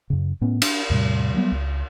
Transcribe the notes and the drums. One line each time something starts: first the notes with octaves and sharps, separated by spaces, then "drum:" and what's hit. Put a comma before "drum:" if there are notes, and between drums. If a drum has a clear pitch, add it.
F#2 C#3
A2 B3 C#4
D4, drum: cymbal
E2 A2 C3 G3
F#3 G3 A#3 B3
C#2